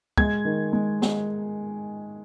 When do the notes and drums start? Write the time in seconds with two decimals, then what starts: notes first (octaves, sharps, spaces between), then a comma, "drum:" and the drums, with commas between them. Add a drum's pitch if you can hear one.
0.18 G#3 G#6, drum: kick
0.45 D#3
0.73 G#3
1.02 G#3, drum: snare